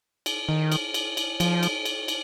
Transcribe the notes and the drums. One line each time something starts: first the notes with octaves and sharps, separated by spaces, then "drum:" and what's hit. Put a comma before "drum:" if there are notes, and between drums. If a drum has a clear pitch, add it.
drum: cymbal
D#3
drum: cymbal
drum: cymbal
drum: cymbal
F3, drum: cymbal
drum: cymbal
drum: cymbal
drum: cymbal